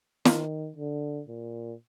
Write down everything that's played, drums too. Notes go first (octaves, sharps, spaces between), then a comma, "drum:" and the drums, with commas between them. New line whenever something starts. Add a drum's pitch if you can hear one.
D#3, drum: snare
D3
A#2